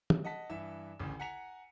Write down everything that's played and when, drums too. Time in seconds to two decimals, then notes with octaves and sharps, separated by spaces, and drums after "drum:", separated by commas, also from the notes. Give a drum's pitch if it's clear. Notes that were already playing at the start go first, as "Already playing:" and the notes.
0.10 drum: tom
0.24 D#5 F#5 A5 B6
0.50 G2 E3 E5 E7
0.99 A1 D2 C#3
1.20 F#5 G#5 A#5 B6 C#7 F7